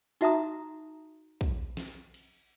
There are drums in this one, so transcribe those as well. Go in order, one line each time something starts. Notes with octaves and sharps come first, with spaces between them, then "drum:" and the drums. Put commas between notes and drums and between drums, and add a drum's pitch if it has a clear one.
D#4 F#4 E5 A5 A#5 D#6, drum: hi-hat
drum: kick
drum: snare
drum: cymbal